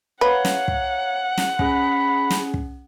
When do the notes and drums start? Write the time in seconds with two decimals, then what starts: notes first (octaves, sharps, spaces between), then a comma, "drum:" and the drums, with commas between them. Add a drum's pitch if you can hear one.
0.21 B4 C#5 F5 F#5 A#5
0.45 drum: snare
0.68 drum: kick
1.38 drum: snare
1.59 C#4 G#4 B5, drum: kick
2.30 drum: snare
2.54 drum: kick